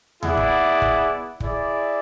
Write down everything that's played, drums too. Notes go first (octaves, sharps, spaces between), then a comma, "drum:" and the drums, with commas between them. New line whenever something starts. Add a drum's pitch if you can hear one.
B3 E4 G#4 D5 F#5, drum: tom D#2
drum: kick
drum: kick
E4 G#4 D5, drum: kick